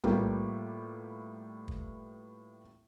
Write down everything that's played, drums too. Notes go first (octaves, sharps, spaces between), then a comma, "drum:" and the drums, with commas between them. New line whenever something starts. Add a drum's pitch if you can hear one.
A2 G3 A#3 B3 F4 G4, drum: tom B1
drum: kick